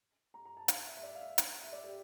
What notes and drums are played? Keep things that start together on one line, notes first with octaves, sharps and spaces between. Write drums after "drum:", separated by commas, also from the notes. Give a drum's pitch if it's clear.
A#5
A#5
A5
F5, drum: hi-hat
E5
E5
D5
F5
E5
drum: hi-hat
E5
D5
G4